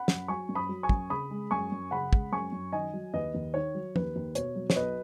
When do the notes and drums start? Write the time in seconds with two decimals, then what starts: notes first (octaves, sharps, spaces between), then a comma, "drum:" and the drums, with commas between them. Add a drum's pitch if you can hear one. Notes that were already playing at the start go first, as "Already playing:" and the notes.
Already playing: F#5 B5
0.08 F#2, drum: snare
0.28 F#3 G#5 C#6
0.49 F#2
0.55 B5 D#6
0.69 F#3
0.83 G#5 C#6
0.89 F#2, drum: kick
1.10 C#3 B5 D#6
1.30 G#3
1.51 F#2 G#5 C#6
1.72 F#2
1.91 C#3 F#5 B5
2.13 G#3, drum: kick
2.32 F#2 G#5 C#6
2.52 F#2
2.72 D#3 D#5 G#5
2.93 F#3
3.14 D#2 B4 D#5
3.35 D#2
3.54 D#3 C#5
3.75 F#3
3.96 D#2 B4, drum: tom F3
4.16 D#2
4.35 B2 C#5, drum: hi-hat
4.55 F#3
4.70 C#5, drum: snare
4.76 B1 B4 D#5